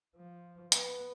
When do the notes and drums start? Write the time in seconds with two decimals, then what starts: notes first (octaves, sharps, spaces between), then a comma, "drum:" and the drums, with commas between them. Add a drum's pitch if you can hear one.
0.16 F3
0.72 B3, drum: hi-hat